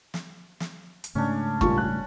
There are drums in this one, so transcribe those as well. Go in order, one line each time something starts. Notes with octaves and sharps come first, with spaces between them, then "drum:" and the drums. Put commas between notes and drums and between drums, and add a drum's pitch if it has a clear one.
drum: snare
drum: snare
drum: hi-hat
G#2 C#3 A3 C#4 D4
A#2 G3 C#6, drum: kick
F#6